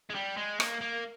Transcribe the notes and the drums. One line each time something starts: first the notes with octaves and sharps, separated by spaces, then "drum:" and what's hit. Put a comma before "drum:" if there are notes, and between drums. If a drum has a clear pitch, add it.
G#3
G3
G#3
A#3, drum: rim click
A#3